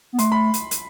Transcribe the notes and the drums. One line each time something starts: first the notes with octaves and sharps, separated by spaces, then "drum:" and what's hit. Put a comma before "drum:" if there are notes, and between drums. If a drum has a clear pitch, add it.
B3
A3 C6, drum: hi-hat
B5
drum: hi-hat
drum: hi-hat